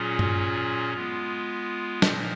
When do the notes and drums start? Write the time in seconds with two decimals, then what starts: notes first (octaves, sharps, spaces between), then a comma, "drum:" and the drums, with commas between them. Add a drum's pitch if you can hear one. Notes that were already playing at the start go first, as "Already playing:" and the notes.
Already playing: A#2 F#3 C#4 F4 G#4
0.19 drum: tom G2
0.94 G#3 B3 F4
2.02 A#2 F3, drum: snare